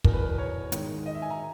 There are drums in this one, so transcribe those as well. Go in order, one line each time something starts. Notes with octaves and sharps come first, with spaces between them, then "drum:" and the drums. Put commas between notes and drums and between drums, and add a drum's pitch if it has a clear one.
E2 B2 A#4, drum: kick
B4
A#4
B4
C#5
G#2 D#3, drum: hi-hat
D#5
E5
G#5
A#5